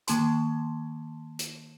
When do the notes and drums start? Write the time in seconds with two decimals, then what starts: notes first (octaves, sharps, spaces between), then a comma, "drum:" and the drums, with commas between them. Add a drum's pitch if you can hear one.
0.07 D#3 A#3 A5 C6, drum: hi-hat
1.39 drum: hi-hat